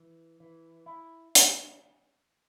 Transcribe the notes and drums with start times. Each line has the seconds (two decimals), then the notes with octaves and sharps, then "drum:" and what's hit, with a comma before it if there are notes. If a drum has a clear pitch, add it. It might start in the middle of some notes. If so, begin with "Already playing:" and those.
Already playing: E3
0.40 E3
0.86 E4
1.35 drum: hi-hat